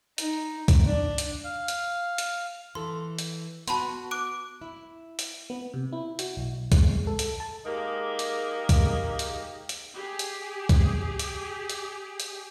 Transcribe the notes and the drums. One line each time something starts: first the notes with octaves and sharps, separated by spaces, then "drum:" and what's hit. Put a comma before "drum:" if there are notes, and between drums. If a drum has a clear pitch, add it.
D#4, drum: hi-hat
drum: kick, hi-hat
D4
drum: hi-hat
F5
drum: hi-hat
drum: hi-hat
E3 A4 C6
drum: hi-hat
B3 F#4 A5 B5 C6, drum: hi-hat
D6 F#6 D7
E4
drum: hi-hat
B3
C3
E4
F#4, drum: hi-hat
B1
G#3, drum: kick, hi-hat
G#3
A4
drum: hi-hat
A5
G#3 A#3 D#4 G4 G#4 A#4
drum: hi-hat
drum: kick, hi-hat
drum: hi-hat
drum: hi-hat
G4 G#4
drum: hi-hat
drum: kick, hi-hat
drum: hi-hat
drum: hi-hat
drum: hi-hat